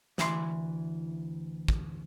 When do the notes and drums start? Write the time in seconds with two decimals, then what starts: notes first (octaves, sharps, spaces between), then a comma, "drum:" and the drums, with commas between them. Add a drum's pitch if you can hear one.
0.18 D2 E3 E4 E5 C6, drum: snare
1.68 drum: kick